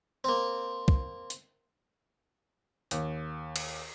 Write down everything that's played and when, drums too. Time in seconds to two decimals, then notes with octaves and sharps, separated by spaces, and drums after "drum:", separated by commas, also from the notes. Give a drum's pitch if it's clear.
0.24 A#3 C4
0.88 drum: kick C2
1.30 drum: hi-hat
2.91 D#2, drum: hi-hat
3.56 drum: cymbal